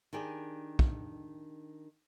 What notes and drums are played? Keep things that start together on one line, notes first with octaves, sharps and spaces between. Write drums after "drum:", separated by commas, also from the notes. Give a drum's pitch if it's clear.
D#3 D4 G4 G#4
drum: kick